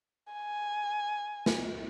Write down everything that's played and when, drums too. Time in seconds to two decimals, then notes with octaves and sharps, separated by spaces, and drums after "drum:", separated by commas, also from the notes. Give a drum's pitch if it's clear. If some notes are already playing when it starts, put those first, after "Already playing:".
0.33 G#5
1.46 drum: snare